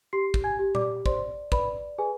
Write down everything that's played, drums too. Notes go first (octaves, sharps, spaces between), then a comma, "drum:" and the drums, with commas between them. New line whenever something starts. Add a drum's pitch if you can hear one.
G4 C6 C7
drum: kick
G#5 G#6
G4
D5 D6, drum: tom A#2
C5 D5 C6, drum: kick
B4 D5 B5, drum: kick
G#4 B4 G#5